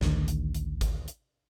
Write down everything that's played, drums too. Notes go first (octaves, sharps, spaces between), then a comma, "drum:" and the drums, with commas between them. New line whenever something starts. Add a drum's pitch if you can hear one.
A1 D2 D#3, drum: snare
drum: hi-hat
drum: hi-hat
drum: kick G#1, hi-hat
drum: hi-hat